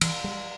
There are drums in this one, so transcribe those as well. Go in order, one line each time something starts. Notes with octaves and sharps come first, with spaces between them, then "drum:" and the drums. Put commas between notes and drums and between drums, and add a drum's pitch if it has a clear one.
E3, drum: cymbal
G3